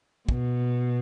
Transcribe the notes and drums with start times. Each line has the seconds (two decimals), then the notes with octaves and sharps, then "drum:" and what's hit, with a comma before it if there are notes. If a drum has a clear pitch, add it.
0.29 B2, drum: kick